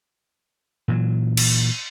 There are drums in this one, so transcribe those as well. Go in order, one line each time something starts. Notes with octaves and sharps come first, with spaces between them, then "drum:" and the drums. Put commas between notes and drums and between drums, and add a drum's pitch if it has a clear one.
A#2 E3 F#3
drum: cymbal